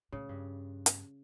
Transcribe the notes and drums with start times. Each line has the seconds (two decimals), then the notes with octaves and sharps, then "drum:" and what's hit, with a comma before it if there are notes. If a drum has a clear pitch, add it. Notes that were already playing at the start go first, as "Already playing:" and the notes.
0.12 A2 C#3
0.29 G2
0.86 drum: hi-hat